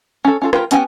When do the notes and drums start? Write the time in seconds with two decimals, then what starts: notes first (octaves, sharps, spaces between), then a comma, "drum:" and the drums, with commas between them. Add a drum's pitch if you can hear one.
0.25 C#4 A4
0.42 C#4 F4 A4
0.53 F4 G4 A#4, drum: rim click
0.71 B3 C#4 G4 C5 G#5, drum: hi-hat